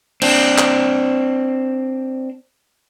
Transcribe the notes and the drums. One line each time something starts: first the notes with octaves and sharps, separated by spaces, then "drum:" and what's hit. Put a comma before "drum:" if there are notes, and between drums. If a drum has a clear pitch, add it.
C4 D4, drum: cymbal
drum: clap